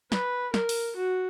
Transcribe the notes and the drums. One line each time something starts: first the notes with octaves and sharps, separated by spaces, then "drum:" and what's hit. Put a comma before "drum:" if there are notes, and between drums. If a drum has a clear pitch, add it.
B4, drum: snare
A#4, drum: snare
drum: open hi-hat
F#4